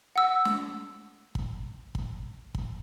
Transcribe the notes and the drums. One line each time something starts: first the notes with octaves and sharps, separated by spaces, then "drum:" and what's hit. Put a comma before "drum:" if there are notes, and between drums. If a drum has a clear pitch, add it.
F#5 E6
drum: snare
drum: kick
drum: kick
drum: kick